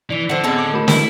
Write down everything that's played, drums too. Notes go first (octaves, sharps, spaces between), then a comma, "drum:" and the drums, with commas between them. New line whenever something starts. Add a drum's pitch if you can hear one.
E3 D5 F7
D3 A3 C4 F#5 E6
A2 G#3 B3 C4 A4
D6
A3 F#4 A#4 B5
E4, drum: snare